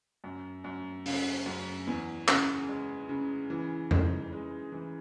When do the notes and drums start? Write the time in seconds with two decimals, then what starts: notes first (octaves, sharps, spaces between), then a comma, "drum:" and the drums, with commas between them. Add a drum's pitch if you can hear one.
0.24 F#2
0.64 F#2
1.06 C#3, drum: open hi-hat
1.46 F#2
1.87 E2
2.28 C#3, drum: clap
2.69 G#3
3.09 C#3
3.50 E3
3.91 D#4, drum: tom F2
4.32 G#3
4.72 E3